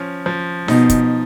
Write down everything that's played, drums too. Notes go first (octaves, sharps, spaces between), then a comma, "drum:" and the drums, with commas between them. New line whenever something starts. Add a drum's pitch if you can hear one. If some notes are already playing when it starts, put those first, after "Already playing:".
Already playing: F3 C#4
F3
B2 D#4, drum: snare D#4
drum: kick, hi-hat